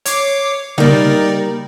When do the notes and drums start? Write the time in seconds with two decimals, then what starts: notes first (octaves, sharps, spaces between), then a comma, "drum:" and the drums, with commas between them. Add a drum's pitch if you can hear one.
0.06 C#5 D6 C7, drum: hi-hat
0.78 G3 A#3 D#4 A#4 D5, drum: tom C#3